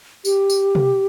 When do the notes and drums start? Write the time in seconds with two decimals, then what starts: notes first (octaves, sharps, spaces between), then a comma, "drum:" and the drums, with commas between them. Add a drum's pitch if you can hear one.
0.25 G4, drum: tambourine
0.50 drum: tambourine
0.75 drum: tom